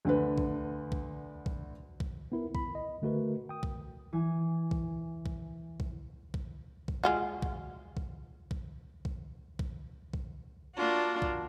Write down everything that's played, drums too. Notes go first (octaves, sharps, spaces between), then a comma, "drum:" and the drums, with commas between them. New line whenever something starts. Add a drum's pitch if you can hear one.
D2 D3 B4
drum: kick B1
drum: kick B1
drum: kick B1
drum: kick B1
B3 E4 A#4
B5, drum: kick B1
D#5
D3 A3 F#4 A#4 B4
G5 D#6
drum: kick B1
E3 G#5
drum: kick B1
drum: kick B1
drum: kick B1
drum: kick B1
drum: kick B1
G#3 F4 F#4
drum: kick B1
drum: kick B1
drum: kick B1
drum: kick B1
drum: kick B1
drum: kick B1
A#3 D4 F4 F#4
drum: kick B1